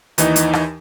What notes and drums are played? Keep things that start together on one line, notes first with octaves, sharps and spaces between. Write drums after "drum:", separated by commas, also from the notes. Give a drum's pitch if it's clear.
D#2 E3 D#4, drum: hi-hat
drum: hi-hat
drum: rim click